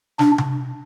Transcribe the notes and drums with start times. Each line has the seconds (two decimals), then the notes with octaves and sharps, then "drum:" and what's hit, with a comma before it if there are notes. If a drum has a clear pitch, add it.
0.19 D4, drum: snare
0.38 drum: tom C3